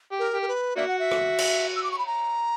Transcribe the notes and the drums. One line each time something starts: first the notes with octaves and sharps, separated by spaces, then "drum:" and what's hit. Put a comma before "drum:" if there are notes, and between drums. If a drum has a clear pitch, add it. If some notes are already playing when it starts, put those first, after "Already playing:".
G4
A#4
G4
A#4
B4
A#3 D4 F#4 E5
F#5
E5
drum: rim click
drum: cymbal
E6
D6
C#6
B5
A#5